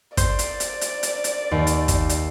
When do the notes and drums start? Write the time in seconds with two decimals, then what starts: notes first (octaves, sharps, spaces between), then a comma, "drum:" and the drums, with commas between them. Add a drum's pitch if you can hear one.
0.17 C5 D5, drum: kick, hi-hat
0.39 drum: hi-hat
0.60 drum: hi-hat
0.81 drum: hi-hat
1.03 drum: hi-hat
1.24 drum: hi-hat
1.51 D#2
1.67 drum: hi-hat
1.88 drum: kick, hi-hat
2.09 drum: hi-hat